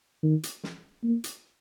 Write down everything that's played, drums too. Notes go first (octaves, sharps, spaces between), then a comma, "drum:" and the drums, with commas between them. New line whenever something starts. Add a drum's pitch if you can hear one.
D#3
drum: hi-hat
drum: snare
A#3
drum: hi-hat